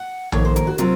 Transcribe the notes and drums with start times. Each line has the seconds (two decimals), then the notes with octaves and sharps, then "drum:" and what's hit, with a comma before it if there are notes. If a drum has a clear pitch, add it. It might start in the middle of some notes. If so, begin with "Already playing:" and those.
Already playing: F#5
0.32 F2 D#3 A#3 C#5, drum: tom A#1
0.45 C5
0.56 A#4, drum: hi-hat
0.67 F#4
0.78 C3 F#3 C4 F4 A#4, drum: hi-hat